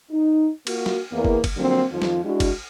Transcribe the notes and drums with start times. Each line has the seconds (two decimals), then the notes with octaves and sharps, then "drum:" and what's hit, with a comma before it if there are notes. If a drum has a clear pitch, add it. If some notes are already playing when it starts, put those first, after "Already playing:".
0.11 D#4
0.67 A#3 F4 F#4, drum: cymbal
0.86 drum: snare
1.13 E2 A#3
1.25 drum: kick
1.44 drum: kick, cymbal
1.57 D3 F3 F#3 A#3 C4
1.91 F2 D#3 F3
2.02 drum: snare
2.24 G#3 D4 E4 F#4
2.40 drum: kick, cymbal